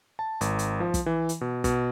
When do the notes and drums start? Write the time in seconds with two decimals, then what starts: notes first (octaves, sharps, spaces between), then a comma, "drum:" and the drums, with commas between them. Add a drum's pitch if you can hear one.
0.19 A5
0.41 G#1, drum: hi-hat
0.59 drum: hi-hat
0.80 F3
0.94 drum: kick, hi-hat
1.06 E3
1.29 drum: hi-hat
1.41 B2
1.64 B2, drum: kick, hi-hat